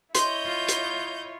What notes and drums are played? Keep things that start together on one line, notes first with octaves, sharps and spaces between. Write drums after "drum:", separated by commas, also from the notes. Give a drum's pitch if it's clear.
E4 C#5 D#5 C6 G6, drum: hi-hat
F4
drum: hi-hat